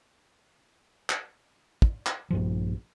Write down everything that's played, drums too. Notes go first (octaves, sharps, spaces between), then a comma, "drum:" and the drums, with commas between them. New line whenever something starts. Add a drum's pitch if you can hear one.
drum: clap
drum: kick
drum: clap
A#1 G2 F3